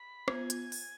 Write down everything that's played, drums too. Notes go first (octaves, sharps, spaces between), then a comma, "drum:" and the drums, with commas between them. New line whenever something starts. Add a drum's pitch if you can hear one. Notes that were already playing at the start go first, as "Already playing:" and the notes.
Already playing: B5
B3 F4 C5 G#5, drum: rim click
drum: hi-hat
drum: open hi-hat